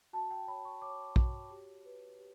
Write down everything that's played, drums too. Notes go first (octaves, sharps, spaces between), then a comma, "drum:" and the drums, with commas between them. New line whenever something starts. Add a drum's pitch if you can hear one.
F#4 A5
G5
C#5 B5
C#6
C#5 D6
F#4, drum: kick
G4
B4
G4